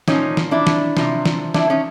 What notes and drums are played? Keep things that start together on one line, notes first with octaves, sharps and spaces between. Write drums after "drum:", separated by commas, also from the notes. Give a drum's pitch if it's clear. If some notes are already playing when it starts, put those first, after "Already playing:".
A#2 F3 C#4 D#4, drum: snare
drum: snare
D4 E4
drum: snare
C3 F3, drum: snare
drum: snare
D4 E4, drum: snare
C#4 D#4